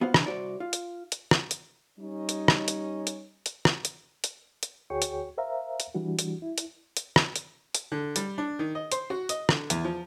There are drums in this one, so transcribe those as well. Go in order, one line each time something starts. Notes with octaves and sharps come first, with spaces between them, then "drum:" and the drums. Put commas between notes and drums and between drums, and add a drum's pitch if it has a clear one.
B3 F4 F#4 C5 F5 F#5
C3 E3 D4 E4 A#5 B5, drum: rim click
C2 F#3 F#4 C5 D5
F4
drum: hi-hat
drum: hi-hat
drum: rim click
drum: hi-hat
G3 C#4 D#4
drum: hi-hat
drum: rim click
drum: hi-hat
drum: hi-hat
drum: hi-hat
drum: rim click
drum: hi-hat
drum: hi-hat
drum: hi-hat
D2 F#4 G#4 C#5 G5 C#6
drum: hi-hat
A#4 C5 E5 F5 A#5
drum: hi-hat
E3 G3 D4 F#4
drum: hi-hat
E4
drum: hi-hat
drum: hi-hat
drum: rim click
drum: hi-hat
drum: hi-hat
D3
G3, drum: hi-hat
D4
D#3
D#5
C5, drum: hi-hat
F#4
D#5, drum: hi-hat
D3, drum: rim click
E2, drum: hi-hat
F3